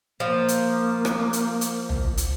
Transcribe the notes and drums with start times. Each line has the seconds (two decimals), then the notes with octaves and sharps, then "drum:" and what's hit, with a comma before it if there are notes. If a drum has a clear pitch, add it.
0.20 F3 A#3
0.48 drum: hi-hat
1.05 drum: rim click
1.33 drum: hi-hat
1.61 drum: hi-hat
1.89 drum: tom
2.17 drum: hi-hat